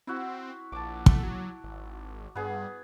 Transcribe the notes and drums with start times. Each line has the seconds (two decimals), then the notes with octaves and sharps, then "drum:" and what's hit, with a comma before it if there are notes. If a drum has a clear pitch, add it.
0.07 C4 E4 F#4
0.72 A#1 A5 D6
1.06 A3, drum: kick
1.23 F#3
1.64 G#1
2.36 G2 B3 G#4